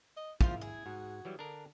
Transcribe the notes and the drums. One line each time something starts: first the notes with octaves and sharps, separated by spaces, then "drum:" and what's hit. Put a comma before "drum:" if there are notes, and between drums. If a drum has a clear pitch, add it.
D#5
G#1 F3 E4 F4 C5 F5, drum: kick
G#4
G#2 F#4
E3 F#3 G3
D3 D4 A#4